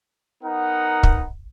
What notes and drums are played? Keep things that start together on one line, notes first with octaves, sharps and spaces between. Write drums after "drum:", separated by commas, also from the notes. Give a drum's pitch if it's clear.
B3 D#4 A#4 F#5
drum: kick